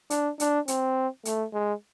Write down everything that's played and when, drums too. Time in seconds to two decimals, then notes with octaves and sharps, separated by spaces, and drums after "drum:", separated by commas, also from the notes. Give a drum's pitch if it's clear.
0.10 D4, drum: hi-hat
0.40 D4, drum: hi-hat
0.68 C4, drum: hi-hat
1.25 A3, drum: hi-hat
1.53 G#3